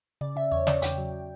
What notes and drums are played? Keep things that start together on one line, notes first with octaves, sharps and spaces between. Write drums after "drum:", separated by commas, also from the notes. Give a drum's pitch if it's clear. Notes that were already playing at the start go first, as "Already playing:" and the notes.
C#3 D5
C#3 E5
E2 C#5
C#3 D5, drum: snare
E2 G5, drum: hi-hat
F#3